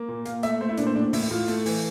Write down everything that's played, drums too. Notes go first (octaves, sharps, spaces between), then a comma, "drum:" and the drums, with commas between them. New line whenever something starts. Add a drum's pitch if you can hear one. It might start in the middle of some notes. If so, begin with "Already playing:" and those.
Already playing: A#3
A#2
A#2 F5, drum: hi-hat
A3 E5, drum: hi-hat
A3 C5
E4
A#2 D4, drum: hi-hat
C5
A2 D4
A2 E4, drum: open hi-hat
A2 F4
A3, drum: hi-hat
E3, drum: open hi-hat